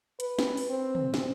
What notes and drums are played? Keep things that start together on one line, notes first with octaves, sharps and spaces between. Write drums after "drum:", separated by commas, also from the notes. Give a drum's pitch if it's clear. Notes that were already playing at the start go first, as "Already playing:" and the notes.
B4, drum: hi-hat
drum: snare
drum: open hi-hat
C4
drum: tom
drum: snare